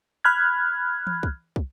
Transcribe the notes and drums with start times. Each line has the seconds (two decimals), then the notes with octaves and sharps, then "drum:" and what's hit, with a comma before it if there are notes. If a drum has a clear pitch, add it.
0.24 B5 F6 F#6 G#6
1.07 drum: tom E3
1.23 drum: kick
1.56 drum: kick